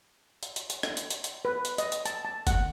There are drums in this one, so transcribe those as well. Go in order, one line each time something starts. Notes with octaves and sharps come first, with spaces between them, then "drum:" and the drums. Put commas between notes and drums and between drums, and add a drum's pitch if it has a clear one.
drum: hi-hat
drum: hi-hat
drum: hi-hat
drum: rim click
drum: hi-hat
drum: hi-hat
drum: hi-hat
B4
drum: hi-hat
D#5, drum: hi-hat
drum: hi-hat
A5, drum: hi-hat
A5
F#5, drum: kick, hi-hat